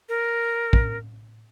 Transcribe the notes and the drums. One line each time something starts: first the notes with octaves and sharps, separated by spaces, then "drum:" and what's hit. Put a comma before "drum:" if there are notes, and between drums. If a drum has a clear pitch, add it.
A#4
drum: kick